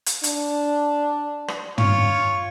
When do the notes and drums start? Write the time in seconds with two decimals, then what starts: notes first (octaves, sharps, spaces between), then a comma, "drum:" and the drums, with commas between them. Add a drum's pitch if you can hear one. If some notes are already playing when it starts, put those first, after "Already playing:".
0.06 drum: hi-hat
0.24 D4, drum: hi-hat
1.48 drum: rim click
1.78 F4 C#5, drum: tom